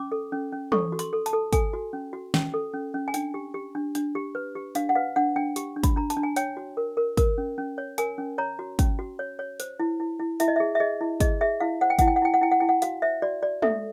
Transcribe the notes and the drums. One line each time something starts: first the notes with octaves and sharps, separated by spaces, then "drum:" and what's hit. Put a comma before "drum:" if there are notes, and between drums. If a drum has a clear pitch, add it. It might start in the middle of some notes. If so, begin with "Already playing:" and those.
Already playing: C#4 D6
A4
C#4
C#4
A4 C#6, drum: tom E3
F#4
C6, drum: hi-hat
A4
A5, drum: hi-hat
A4
A4 G#5, drum: kick, hi-hat
F#4
C#4
F#4
C#4, drum: snare
A4
C#4
C#4
G#5
D4 G5, drum: hi-hat
G4
G4
D4
D4, drum: hi-hat
G4
B4
G4
D4 F5, drum: hi-hat
F#5
B4 F5
D4 F#5
D4 G5
G4, drum: hi-hat
D4
B5, drum: kick, hi-hat
D4 A#5
A5, drum: hi-hat
D4
G#5
C#5 G5, drum: hi-hat
F#4
A#4
A#4
A#4, drum: kick, hi-hat
C#4
C#4
C#5
A#4 G#5, drum: hi-hat
C#4
C#5 A#5
F#4
C#4, drum: kick, hi-hat
F#4
C#5
C#5
C5, drum: hi-hat
E4
E4
E4
E4 E5, drum: hi-hat
D#5
G#4 E5
E5
G#4 D#5
E4
G#4 D#5, drum: kick, hi-hat
G#4 E5
E4 F5
C5 F#5
G5
E4 F#5, drum: kick, hi-hat
G5
F#5
E4 G5
F#5
E4 G5
F#5
E4 G5
F#5
F#4 F5, drum: hi-hat
C5 E5
F#4 D5
F#4 D5
A4 E5, drum: tom G#3